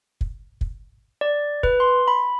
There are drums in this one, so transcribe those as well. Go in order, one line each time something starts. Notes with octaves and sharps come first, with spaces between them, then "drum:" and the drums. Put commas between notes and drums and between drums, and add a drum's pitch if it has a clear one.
drum: kick
drum: kick
D5
B4, drum: kick
C6
B5